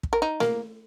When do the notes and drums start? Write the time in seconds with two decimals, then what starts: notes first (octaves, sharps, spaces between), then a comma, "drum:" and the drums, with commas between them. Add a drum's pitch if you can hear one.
0.03 drum: kick
0.13 A#4
0.22 D#4
0.40 A#3, drum: snare